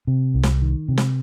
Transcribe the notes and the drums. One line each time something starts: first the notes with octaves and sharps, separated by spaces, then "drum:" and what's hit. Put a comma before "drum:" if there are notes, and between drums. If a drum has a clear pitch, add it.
C3
C2
drum: snare
D#3
C3
drum: snare